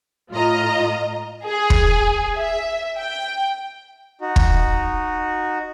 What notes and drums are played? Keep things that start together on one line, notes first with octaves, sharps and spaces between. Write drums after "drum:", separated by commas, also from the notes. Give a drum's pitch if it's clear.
A2 F4 D#5 A#5
G#4
drum: kick
E5
G5
D#4 F#4
drum: kick